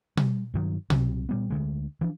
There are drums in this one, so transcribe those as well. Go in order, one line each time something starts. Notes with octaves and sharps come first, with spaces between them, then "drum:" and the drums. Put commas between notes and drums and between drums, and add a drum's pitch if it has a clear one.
G3, drum: tom B2
G2 D#3 F#3
C2 C3 F#3, drum: tom B2
A#2 G3 B3
D2 D3 G#3
E3 F3 D4